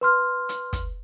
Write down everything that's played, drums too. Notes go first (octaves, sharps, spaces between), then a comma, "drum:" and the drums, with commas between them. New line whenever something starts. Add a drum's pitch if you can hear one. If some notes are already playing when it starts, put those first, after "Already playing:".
B4 C6 F6
drum: hi-hat
drum: kick, hi-hat